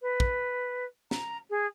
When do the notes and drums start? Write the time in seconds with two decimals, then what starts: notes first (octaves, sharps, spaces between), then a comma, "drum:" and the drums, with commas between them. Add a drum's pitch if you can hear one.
0.02 B4
0.20 drum: kick
1.11 A#5, drum: snare
1.50 G#4